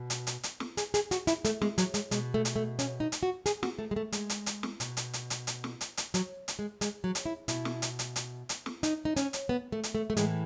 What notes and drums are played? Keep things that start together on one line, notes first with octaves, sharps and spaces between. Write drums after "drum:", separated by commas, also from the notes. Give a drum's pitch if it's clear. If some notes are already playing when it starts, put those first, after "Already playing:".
Already playing: B2
drum: hi-hat
drum: hi-hat
drum: hi-hat
drum: snare
G#4, drum: hi-hat
G#4, drum: hi-hat
F#4, drum: hi-hat
E4, drum: hi-hat
A3, drum: hi-hat
G#3, drum: snare
F#3, drum: hi-hat
G#3, drum: hi-hat
B2 G#3, drum: hi-hat
A3
drum: hi-hat
A3
C#4, drum: hi-hat
D#4
drum: hi-hat
F#4
G#4, drum: hi-hat
F#4, drum: snare
A3
G#3
A3
G#3, drum: hi-hat
drum: hi-hat
drum: hi-hat
drum: snare
B2, drum: hi-hat
drum: hi-hat
drum: hi-hat
drum: hi-hat
drum: hi-hat
drum: snare
drum: hi-hat
drum: hi-hat
F#3, drum: hi-hat
drum: hi-hat
G#3
G#3, drum: hi-hat
F#3
drum: hi-hat
E4
B2 E4, drum: hi-hat
drum: snare
drum: hi-hat
drum: hi-hat
drum: hi-hat
drum: hi-hat
drum: snare
D#4, drum: hi-hat
D#4
C#4, drum: hi-hat
drum: hi-hat
B3
A3
drum: hi-hat
A3
A3
A2 E3 G#3, drum: hi-hat